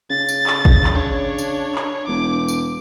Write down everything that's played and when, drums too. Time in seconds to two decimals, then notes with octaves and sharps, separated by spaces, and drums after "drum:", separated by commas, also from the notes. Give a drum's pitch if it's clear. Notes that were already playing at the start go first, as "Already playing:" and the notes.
0.10 C#3 A6
0.29 drum: tambourine
0.47 drum: clap
0.65 drum: kick
0.83 drum: clap
0.93 D4 C#5
1.38 drum: tambourine
1.75 drum: clap
2.08 E1 D6
2.48 drum: tambourine